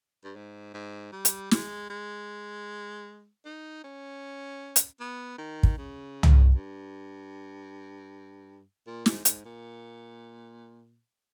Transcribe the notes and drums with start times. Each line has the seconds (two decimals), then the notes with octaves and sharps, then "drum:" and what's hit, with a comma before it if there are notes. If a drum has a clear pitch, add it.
0.24 G2
0.36 G#2
0.74 G#2
1.12 G3
1.25 drum: hi-hat
1.51 G#3, drum: snare
1.90 G#3
3.45 D#4
3.84 C#4
4.76 drum: hi-hat
5.00 B3
5.38 D#3
5.63 drum: kick
5.78 C#3
6.23 drum: tom
6.55 G2
8.87 A#2
9.06 G#2, drum: snare
9.25 G#2, drum: hi-hat
9.45 A#2